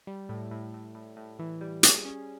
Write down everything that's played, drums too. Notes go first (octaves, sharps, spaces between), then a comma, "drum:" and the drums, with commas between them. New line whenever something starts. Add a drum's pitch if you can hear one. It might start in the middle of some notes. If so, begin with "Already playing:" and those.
G3
A2
A2
A2
A2
A2
E3
G3
G#4, drum: hi-hat
C#4